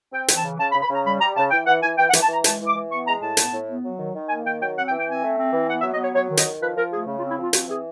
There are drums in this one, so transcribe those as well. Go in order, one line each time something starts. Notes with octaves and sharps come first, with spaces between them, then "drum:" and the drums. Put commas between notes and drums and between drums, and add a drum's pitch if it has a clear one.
C4 G5
E3, drum: hi-hat
A5
C#3
C#3 A5
B5
C#3
B5
C#3 A#5
G3 B5
G3 A#5
C#3 A5
E3 G5
E3 F#5
E3 G#5
E3 G5
F#5
E3, drum: hi-hat
A5
E3 A#5
G#3 A5, drum: hi-hat
E3
D6
E3
B3 C#6
G#3 A#5
A2 A5
B3, drum: hi-hat
A2
B3
F#3
D#3
D#3
A#3 G#5
D#3 G5
F#3 G5
C4 F#5
G5
E3
G5
C4 G#5
A3
C4
E3
B3 F#5
E5
F#3
D#5
B3 C#5
F#3 C#5
D#3
D#5, drum: hi-hat
D#3
F3 B4
F3 A#4
A3 G#4
C#3
F4
C4
E4
F3 F4
C4 F#4, drum: hi-hat
E3 G#4